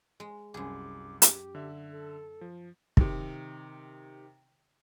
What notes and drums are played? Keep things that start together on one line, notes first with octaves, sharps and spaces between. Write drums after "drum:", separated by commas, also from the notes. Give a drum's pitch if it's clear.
G#3
C2 F#2 G#4 D6
G4, drum: hi-hat
D3 E5
A4
F3
C3 D#3, drum: kick